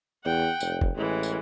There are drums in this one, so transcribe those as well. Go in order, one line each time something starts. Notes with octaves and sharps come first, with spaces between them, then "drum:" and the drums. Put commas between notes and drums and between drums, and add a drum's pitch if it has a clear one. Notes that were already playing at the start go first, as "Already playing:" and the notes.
E2 F#5 G5
F1, drum: tambourine
drum: kick F#1
A1 E3 G#3
drum: tambourine